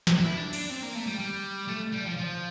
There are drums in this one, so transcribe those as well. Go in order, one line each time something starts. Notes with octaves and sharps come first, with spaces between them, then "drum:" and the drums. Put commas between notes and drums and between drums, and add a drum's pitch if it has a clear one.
drum: snare
E4
D4
D4, drum: cymbal
C4
A#3
A3
G3
G3
A3
G3
F3
F3